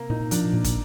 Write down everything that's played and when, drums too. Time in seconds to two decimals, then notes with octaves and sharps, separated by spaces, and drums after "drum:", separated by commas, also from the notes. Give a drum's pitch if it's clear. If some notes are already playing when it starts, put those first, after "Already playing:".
Already playing: C3 A#3
0.10 A#2 D#4
0.31 F3 D4, drum: hi-hat
0.53 A#2
0.64 drum: kick, hi-hat